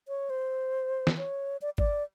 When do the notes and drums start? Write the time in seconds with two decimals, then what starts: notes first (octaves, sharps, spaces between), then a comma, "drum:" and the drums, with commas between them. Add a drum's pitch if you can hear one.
0.08 C#5
0.30 C5
1.07 drum: snare E3
1.17 C#5
1.62 D5
1.78 D5, drum: kick